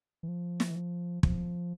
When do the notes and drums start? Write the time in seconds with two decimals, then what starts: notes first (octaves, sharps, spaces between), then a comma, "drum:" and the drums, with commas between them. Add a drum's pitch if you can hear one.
0.23 E3
0.28 F3
0.60 drum: snare
0.71 E3
0.75 F3
1.23 F3, drum: kick